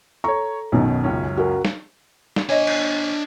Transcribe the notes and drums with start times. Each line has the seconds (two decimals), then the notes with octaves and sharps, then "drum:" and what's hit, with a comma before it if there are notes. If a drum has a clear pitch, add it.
0.24 A4 C#5 A#5 C#6
0.72 B1 F#2 B2 D#3
1.04 C#2 F#2 C#4
1.37 F#4 A#4
1.65 drum: snare
2.36 drum: snare
2.49 D4 C#5 D#5 G#5
2.67 drum: cymbal